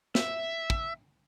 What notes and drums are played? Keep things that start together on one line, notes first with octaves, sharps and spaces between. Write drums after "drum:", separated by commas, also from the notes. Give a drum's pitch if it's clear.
E5, drum: snare
drum: kick